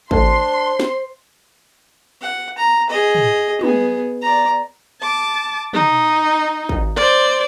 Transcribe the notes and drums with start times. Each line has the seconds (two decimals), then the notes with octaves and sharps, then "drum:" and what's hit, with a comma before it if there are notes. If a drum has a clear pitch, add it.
0.11 A1 A3 D4 A4 C5 C6, drum: kick G#1
0.80 drum: snare
2.21 F#5
2.57 A#5
2.89 G#4 D#5
3.15 drum: tom
3.61 B3 G#4, drum: tom
4.22 D5 A#5
5.01 A5 D6
5.73 D#4, drum: tom
6.69 drum: kick G#1
6.96 C5 D5